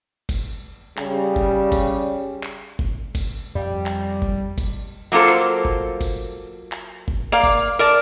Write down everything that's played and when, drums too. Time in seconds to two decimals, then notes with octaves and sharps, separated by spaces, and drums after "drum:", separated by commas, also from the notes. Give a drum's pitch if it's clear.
0.29 drum: kick F#1, cymbal
0.98 C#3 G3, drum: clap
1.36 drum: kick F#1
1.72 drum: kick F#1, cymbal
2.43 drum: clap
2.79 drum: kick F#1
3.15 drum: kick F#1, cymbal
3.55 F2 G3
3.86 drum: clap
4.22 drum: kick F#1
4.58 drum: kick F#1, cymbal
5.12 F#3 A#3 F4 A4 C5
5.29 drum: clap
5.65 drum: kick F#1
6.01 drum: kick F#1, cymbal
6.72 drum: clap
7.08 drum: kick F#1
7.32 A#3 D5 F5
7.44 drum: kick F#1, cymbal
7.79 A#4 D5 A5